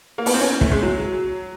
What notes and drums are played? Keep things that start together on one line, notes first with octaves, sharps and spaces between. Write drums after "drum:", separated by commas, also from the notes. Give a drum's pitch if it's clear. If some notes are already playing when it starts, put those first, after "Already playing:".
A#3
B3, drum: open hi-hat
C4
C#4
A3, drum: kick
G#3
F#3